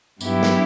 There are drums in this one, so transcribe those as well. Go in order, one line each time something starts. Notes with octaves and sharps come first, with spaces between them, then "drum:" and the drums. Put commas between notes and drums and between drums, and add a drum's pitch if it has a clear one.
G2 F#3 B3 E4 G4, drum: tambourine
drum: snare